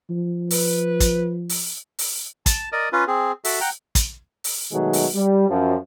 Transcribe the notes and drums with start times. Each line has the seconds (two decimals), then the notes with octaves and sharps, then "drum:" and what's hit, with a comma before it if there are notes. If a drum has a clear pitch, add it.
0.10 F3
0.51 B4, drum: open hi-hat
1.00 drum: kick, hi-hat
1.49 drum: open hi-hat
1.99 drum: open hi-hat
2.46 A5, drum: kick, hi-hat
2.72 A#4 D5 D#5
2.92 C#4 F4 B4
3.07 C4 G#4
3.45 F#4 A4 E5, drum: open hi-hat
3.61 F#5 G5 A#5
3.95 drum: kick, hi-hat
4.44 drum: open hi-hat
4.71 B2 D#3 F#3 G#3 A3 D#4
4.93 drum: open hi-hat
5.14 G3
5.49 F#2 F3